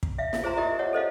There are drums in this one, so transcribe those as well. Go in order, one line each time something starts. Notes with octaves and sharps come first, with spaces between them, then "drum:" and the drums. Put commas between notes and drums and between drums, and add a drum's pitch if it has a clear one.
drum: kick
E5 F5
drum: snare
F4 G#4 C5 E5 A#5 C6
E4 G4 A#4 D#5 E5
C#5 D#5 F#5
A4 C5 D#5 F5